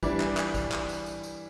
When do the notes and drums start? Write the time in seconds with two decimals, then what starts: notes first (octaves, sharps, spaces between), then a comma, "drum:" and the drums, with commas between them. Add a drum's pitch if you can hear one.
0.03 E3 G3 D4, drum: kick, tambourine
0.20 drum: clap
0.37 drum: clap
0.54 drum: kick, tambourine
0.72 drum: clap
0.89 drum: tambourine
1.06 drum: tambourine
1.23 drum: tambourine